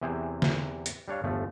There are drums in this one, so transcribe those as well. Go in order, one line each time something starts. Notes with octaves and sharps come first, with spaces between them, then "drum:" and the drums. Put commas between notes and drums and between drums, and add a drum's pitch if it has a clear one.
E2 C3 E3 G#4 C5 G#5
drum: snare
drum: hi-hat
G3 D4 C#5 F5
G1 E2 F3 A3